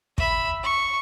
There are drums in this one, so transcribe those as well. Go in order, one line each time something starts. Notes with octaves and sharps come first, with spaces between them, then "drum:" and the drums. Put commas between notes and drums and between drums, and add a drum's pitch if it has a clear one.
E5 B5, drum: kick
C#6